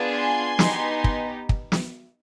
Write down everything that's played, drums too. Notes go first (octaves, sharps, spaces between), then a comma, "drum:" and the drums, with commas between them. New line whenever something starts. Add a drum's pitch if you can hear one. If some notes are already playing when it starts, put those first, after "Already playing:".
Already playing: B3 D4 F4 G#4
G#5 C6
B3 D#4 G4, drum: snare
drum: kick
drum: kick
drum: snare